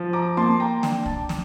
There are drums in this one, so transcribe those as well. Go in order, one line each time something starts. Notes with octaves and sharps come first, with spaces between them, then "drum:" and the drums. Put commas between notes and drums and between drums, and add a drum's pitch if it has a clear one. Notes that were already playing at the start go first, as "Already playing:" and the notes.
Already playing: F3
A#5 D6
A#3 A5 C6
G5 A#5
D4 G5, drum: snare
A5, drum: kick
drum: snare